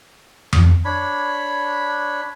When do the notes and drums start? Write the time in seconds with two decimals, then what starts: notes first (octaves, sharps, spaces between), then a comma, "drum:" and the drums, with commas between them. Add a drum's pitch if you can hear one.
0.53 drum: tom F2
0.85 D4 C#5 B5